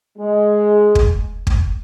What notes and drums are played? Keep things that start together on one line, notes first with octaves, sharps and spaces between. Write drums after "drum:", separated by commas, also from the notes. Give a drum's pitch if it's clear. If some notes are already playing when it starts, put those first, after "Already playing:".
G#3
drum: kick
drum: kick